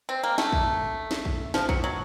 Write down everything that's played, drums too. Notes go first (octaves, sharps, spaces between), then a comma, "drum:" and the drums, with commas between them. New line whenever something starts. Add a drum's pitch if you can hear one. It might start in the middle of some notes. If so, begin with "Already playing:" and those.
C4
A#3
A3, drum: snare
drum: kick
drum: snare
drum: kick
F3, drum: snare
F#3, drum: kick
F#3